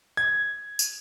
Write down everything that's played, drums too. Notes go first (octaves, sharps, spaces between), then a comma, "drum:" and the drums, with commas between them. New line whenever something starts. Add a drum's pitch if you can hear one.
G#6
drum: tambourine